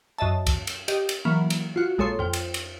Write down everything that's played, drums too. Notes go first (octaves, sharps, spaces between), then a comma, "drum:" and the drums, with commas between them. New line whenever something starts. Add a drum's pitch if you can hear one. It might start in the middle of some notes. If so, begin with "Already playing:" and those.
F#2 D#5 E5 A5
drum: kick, cymbal
drum: cymbal
G4 D#5, drum: cymbal
drum: cymbal
E3 F#3 A#3
drum: cymbal
F4 F#4
A#1 G#3 A4 C#5 C6
F2 G5
drum: cymbal
drum: cymbal